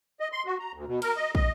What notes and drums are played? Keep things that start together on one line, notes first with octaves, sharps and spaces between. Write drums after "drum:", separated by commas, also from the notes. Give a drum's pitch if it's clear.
D#5
C6
F#4
A#5
D2
B2
A#4, drum: cymbal
D#5
D#5, drum: kick